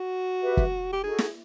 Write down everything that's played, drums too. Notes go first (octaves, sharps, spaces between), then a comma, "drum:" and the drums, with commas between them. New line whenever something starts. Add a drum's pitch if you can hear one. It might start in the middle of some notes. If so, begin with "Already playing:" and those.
Already playing: F#4
G4 B4 E5
drum: kick
G4
D#4 F#4 G#4 A4
drum: snare